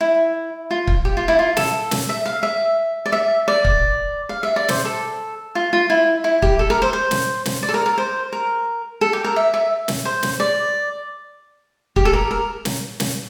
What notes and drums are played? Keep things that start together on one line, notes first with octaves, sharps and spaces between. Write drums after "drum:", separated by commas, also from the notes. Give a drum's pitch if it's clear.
E4
F4
drum: kick
G4
F4
E4
F4
A4, drum: snare
drum: snare
E5
F5
E5
D5
E5
D5
drum: kick
F5
E5
D5
C5, drum: snare
A4
F4
F4
E4
E4
G4, drum: kick
A4
A#4
C5
C5
drum: snare
drum: snare
D5
A4
A#4
A#4
C5
A#4
A4
G4
A#4
E5
E5
drum: snare
C5
drum: snare
D5
G4, drum: kick
A4
A#4
A#4
drum: snare
drum: snare